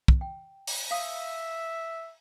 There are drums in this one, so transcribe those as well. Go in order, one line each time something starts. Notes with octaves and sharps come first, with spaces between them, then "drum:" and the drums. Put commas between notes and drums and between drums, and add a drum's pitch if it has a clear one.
drum: kick
G5
drum: open hi-hat
E5 F5 D#6